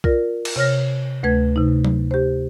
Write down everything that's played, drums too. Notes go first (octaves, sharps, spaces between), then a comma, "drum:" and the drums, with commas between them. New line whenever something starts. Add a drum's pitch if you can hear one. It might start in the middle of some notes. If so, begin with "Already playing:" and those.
F4 A#4 D5, drum: kick B1
drum: cymbal
C3 C#5 F6 A#6
D2 A3 B4 G#6
C3 D#4
drum: tom F#3
G4 C5